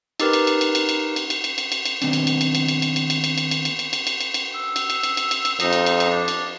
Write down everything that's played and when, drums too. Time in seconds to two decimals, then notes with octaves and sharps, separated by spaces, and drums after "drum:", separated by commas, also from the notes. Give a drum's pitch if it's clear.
0.20 D#4 G4 A#4 B4, drum: cymbal
0.33 drum: cymbal
0.47 drum: cymbal
0.61 drum: cymbal
0.75 drum: cymbal
0.89 drum: cymbal
1.16 drum: cymbal
1.30 drum: cymbal
1.44 drum: cymbal
1.58 drum: cymbal
1.72 drum: cymbal
1.85 drum: cymbal
2.02 D#3 B3 C4 D4, drum: cymbal
2.13 drum: cymbal
2.27 drum: cymbal
2.41 drum: cymbal
2.55 drum: cymbal
2.68 drum: cymbal
2.82 drum: cymbal
2.96 drum: cymbal
3.10 drum: cymbal
3.24 drum: cymbal
3.38 drum: cymbal
3.51 drum: cymbal
3.65 drum: cymbal
3.79 drum: cymbal
3.93 drum: cymbal
4.07 drum: cymbal
4.21 drum: cymbal
4.34 drum: cymbal
4.55 E6
4.76 drum: cymbal
4.90 drum: cymbal
5.03 drum: cymbal
5.17 drum: cymbal
5.31 drum: cymbal
5.45 drum: cymbal
5.60 F2 D#4, drum: cymbal
5.73 drum: cymbal
5.86 drum: cymbal
6.00 drum: cymbal
6.11 D4
6.28 drum: cymbal